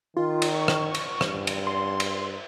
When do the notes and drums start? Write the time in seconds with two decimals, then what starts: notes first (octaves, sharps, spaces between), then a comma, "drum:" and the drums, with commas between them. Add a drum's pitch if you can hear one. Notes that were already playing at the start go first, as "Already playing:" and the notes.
0.17 D#3 F4
0.42 drum: cymbal
0.55 C#6
0.68 drum: rim click
0.95 drum: cymbal
1.21 G2, drum: rim click
1.47 drum: cymbal
1.67 C6
2.00 drum: cymbal